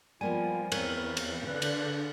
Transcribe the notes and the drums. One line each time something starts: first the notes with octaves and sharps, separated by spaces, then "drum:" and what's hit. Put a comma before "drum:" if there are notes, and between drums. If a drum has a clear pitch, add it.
F3 G3 A#3 B3 G#5
E2 C4 A#4 C#5, drum: cymbal
drum: cymbal
D3 B4 F#6
drum: cymbal